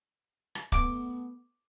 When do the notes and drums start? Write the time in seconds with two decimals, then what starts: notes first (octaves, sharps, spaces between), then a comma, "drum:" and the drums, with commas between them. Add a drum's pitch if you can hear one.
0.55 drum: rim click
0.72 A3 B3 D6 D7, drum: kick